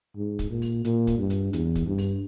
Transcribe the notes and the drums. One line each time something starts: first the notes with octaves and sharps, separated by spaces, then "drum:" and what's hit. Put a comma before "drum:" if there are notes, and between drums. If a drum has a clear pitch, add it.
G#2
drum: kick, hi-hat
A#2
drum: open hi-hat
A#2, drum: hi-hat
drum: kick, hi-hat
G2
drum: hi-hat
E2, drum: hi-hat
drum: kick, hi-hat
G2
drum: open hi-hat